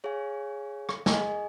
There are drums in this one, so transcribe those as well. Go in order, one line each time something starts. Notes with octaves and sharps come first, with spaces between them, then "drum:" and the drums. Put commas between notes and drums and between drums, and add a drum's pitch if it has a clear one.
G#4 C#5 F5 G#5
drum: rim click
G#4 D#5 G#5, drum: snare